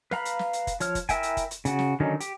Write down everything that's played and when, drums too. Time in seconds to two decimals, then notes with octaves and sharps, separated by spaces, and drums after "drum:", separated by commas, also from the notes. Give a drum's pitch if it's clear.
0.11 B4 F5 A#5 B5, drum: snare
0.25 drum: hi-hat
0.39 drum: snare
0.53 drum: hi-hat
0.67 drum: kick, hi-hat
0.80 F3 C#5 F6, drum: hi-hat
0.95 drum: kick, hi-hat
1.09 E4 A#4 E5 G5 G#5, drum: kick, hi-hat
1.23 drum: hi-hat
1.37 drum: kick, hi-hat
1.51 drum: hi-hat
1.65 C#3 F#4, drum: hi-hat
1.79 drum: snare
2.00 D3 D#3 F#3 C#4 D#4
2.20 G4, drum: hi-hat